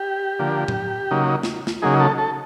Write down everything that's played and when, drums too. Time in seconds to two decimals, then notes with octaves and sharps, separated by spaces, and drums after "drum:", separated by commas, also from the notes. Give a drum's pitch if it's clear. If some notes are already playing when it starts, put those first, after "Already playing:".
Already playing: G4
0.39 D3 F3 A#3
0.68 drum: tom A2
1.11 C#3 F#3 A#3 D#4
1.43 drum: snare
1.67 drum: snare
1.82 C#3 F#3 A#3 D#4 G#4
2.00 A4
2.18 A4